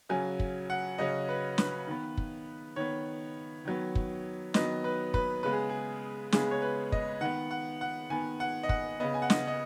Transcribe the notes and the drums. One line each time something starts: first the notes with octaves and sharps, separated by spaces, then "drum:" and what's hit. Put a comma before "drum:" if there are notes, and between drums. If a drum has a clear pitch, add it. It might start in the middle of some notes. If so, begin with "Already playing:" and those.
C#3 F#3 C#4 G#5
drum: kick
F#5
C#3 F#3 C#4 D#5
B4
B4, drum: snare
D#3 B3
drum: kick
D#3 B3 C#5
D#3 F#3 B3
drum: kick
D#3 F#3 B3 D#5, drum: snare
B4
B4, drum: kick
C#3 G#3 B3 B4
G#4
G#4
C#3 G#3 B3 G#4, drum: snare
C#5
B4
D#5, drum: kick
D#3 B3 F#5
F#5
F#5
D#3 B3 G#5
F#5
D#5
F#5, drum: kick
C#3 B3 D#5
G#5
F#5
D#5, drum: snare
D#5